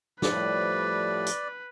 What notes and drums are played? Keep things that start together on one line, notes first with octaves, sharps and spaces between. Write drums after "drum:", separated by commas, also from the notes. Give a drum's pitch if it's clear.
A2 F3 G3 B4 D5, drum: snare
drum: hi-hat